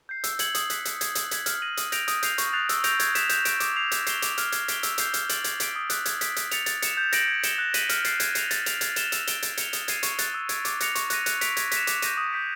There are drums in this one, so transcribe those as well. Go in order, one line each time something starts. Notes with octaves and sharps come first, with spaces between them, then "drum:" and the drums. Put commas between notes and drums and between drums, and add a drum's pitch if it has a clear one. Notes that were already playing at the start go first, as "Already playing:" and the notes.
G6 C7
E6, drum: hi-hat
G#6 C#7 F#7, drum: hi-hat
D#6, drum: hi-hat
F#6 B6, drum: hi-hat
E6, drum: hi-hat
G#6 C7, drum: hi-hat
E6, drum: hi-hat
G#6 B6, drum: hi-hat
F6, drum: hi-hat
A#6 D#7 F#7
D#6, drum: hi-hat
G6 A#6 D7 F7, drum: hi-hat
D#6, drum: hi-hat
G6 C7 F7, drum: hi-hat
C#6, drum: hi-hat
F#6 A6 C7 F7
E6, drum: hi-hat
G6 A#6 D7 F7, drum: hi-hat
G#6, drum: hi-hat
B6 E7, drum: hi-hat
G6, drum: hi-hat
A#6 D7, drum: hi-hat
D6, drum: hi-hat
G6 C7 F7
G6, drum: hi-hat
C7 E7 G7, drum: hi-hat
D6, drum: hi-hat
F6 G#6, drum: hi-hat
G#6, drum: hi-hat
B6 D7 G7, drum: hi-hat
E6, drum: hi-hat
G6 C7 F7, drum: hi-hat
F6, drum: hi-hat
A6 D7 F#7, drum: hi-hat
G#6, drum: hi-hat
B6 D7, drum: hi-hat
D#6
F#6 B6, drum: hi-hat
G#6, drum: hi-hat
B6 D7, drum: hi-hat
F#6, drum: hi-hat
A6 C#7 F7, drum: hi-hat
A6, drum: hi-hat
C#7 E7, drum: hi-hat
G6
A#6 D7 F#7, drum: hi-hat
G#6
C#7 E7 G7, drum: hi-hat
F#6
B6 D#7 F#7, drum: hi-hat
F6, drum: hi-hat
A6 C7, drum: hi-hat
G#6, drum: hi-hat
C7 F7, drum: hi-hat
A6, drum: hi-hat
D7 F7, drum: hi-hat
G#6, drum: hi-hat
C7 E7 G7, drum: hi-hat
E6, drum: hi-hat
A6 D7 G7, drum: hi-hat
A6, drum: hi-hat
C#7 F7, drum: hi-hat
D#6, drum: hi-hat
G#6 C7 D#7, drum: hi-hat
C#6, drum: hi-hat
F#6 A6 C7, drum: hi-hat
E6
G#6 B6 D7, drum: hi-hat
D6, drum: hi-hat
F#6 A#6 C#7 F7, drum: hi-hat
C#6, drum: hi-hat
F#6 A#6 D#7, drum: hi-hat
F#6, drum: hi-hat
B6 D7 F7, drum: hi-hat
G#6, drum: hi-hat
B6, drum: hi-hat
E7
D6, drum: hi-hat
G6 A#6 D#7, drum: hi-hat
D#6
G6 B6 D7